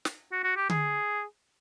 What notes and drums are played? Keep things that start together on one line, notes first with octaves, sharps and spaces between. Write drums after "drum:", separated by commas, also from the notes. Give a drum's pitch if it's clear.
drum: snare
F#4
F#4
G4
G#4, drum: tom D3